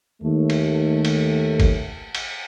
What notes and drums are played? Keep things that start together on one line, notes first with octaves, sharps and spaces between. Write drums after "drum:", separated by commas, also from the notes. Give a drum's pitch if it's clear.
D#2 A3
drum: cymbal
drum: cymbal
drum: kick G#1, cymbal
drum: cymbal